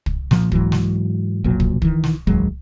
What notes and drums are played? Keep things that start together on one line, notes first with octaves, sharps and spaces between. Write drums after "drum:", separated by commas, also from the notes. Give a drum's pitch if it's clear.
drum: kick
A#2 F3, drum: snare
G#2 E3 F#3, drum: kick
drum: snare
F1 B1 A#2 F#3
drum: kick
D#3 E3, drum: kick
drum: snare
A1 D#2 F#3 G#3, drum: kick